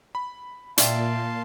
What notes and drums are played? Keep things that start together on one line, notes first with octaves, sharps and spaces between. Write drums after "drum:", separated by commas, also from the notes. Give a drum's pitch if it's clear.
B5
A#2 D5 E5 F5 G5 A5 C6, drum: hi-hat